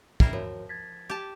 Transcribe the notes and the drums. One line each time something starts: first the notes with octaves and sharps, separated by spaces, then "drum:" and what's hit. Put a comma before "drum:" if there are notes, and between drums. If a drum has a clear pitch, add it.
G3 E4 A#4 F6 C7, drum: kick
F3 F#4 A#4 C#5
G#6 A6 B6
G4 A5